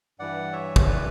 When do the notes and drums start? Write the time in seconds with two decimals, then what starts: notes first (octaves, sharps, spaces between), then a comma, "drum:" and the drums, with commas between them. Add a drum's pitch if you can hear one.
0.19 G2 E3 D5 F#5
0.53 C#5 E5
0.76 drum: kick
0.86 B4 D5